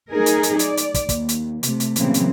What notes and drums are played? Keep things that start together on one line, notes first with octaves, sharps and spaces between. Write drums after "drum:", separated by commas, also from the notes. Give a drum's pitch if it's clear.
F#3 A3 D#4 G#4 A#4
drum: hi-hat
drum: hi-hat
D5, drum: hi-hat
drum: hi-hat
drum: kick, hi-hat
D#2, drum: kick, hi-hat
drum: hi-hat
C3 A3, drum: hi-hat
drum: hi-hat
A#2 C#3 E3 F#3 A#3 C4, drum: hi-hat
drum: hi-hat